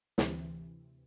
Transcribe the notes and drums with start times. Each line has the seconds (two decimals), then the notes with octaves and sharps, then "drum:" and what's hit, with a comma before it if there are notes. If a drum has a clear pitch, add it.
0.18 D2 C3 E3, drum: snare